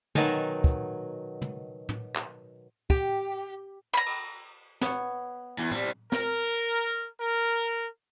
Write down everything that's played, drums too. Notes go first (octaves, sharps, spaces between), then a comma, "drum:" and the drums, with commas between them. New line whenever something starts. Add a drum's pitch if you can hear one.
B2 D#3 F#3 D#4 G#5 A5, drum: tom
drum: kick
drum: tom
drum: tom
drum: clap
G4, drum: kick
A#5 B5
drum: cymbal
B3 C#5, drum: snare
E2
G3 C4, drum: tom
A#4, drum: snare
A#4